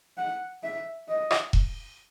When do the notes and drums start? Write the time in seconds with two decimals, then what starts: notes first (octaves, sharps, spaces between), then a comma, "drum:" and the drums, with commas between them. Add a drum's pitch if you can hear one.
0.18 F#5
0.63 E5
1.08 D#5
1.31 drum: rim click
1.53 drum: kick E1